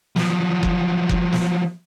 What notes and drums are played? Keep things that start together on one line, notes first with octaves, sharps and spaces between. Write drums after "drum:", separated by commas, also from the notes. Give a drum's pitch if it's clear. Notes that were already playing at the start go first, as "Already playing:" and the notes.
F3 F#3, drum: snare
drum: kick F#1
drum: kick F#1
drum: snare